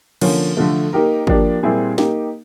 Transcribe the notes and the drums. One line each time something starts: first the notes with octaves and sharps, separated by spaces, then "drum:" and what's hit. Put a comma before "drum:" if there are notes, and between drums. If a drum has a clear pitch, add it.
D3 F3 A#3 C#4, drum: cymbal
D3 F3 A3
A#3 D#4 G4 A#4
F3 A#3 D4 G4, drum: kick
A#2 G3 C4 E4 G#4
A#3 D#4 G4, drum: snare